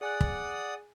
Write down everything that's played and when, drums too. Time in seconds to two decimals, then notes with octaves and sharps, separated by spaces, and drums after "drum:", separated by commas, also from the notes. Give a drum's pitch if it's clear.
0.01 G#4 D5 F#5 G#5 D#6 F#6
0.21 drum: kick